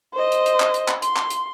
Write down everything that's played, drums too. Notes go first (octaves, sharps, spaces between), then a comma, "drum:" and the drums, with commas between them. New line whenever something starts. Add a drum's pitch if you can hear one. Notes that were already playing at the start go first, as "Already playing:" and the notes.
C5 D#5
drum: hi-hat
drum: hi-hat
drum: clap
drum: hi-hat
drum: clap
C6, drum: hi-hat
drum: clap
drum: hi-hat